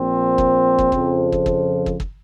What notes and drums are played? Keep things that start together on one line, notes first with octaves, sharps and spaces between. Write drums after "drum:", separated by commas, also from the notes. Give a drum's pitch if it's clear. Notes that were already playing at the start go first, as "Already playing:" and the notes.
Already playing: A#1 A#2 F3 C4
drum: kick
drum: kick
F2 C#3 F3, drum: kick
drum: kick
drum: kick
drum: kick
drum: kick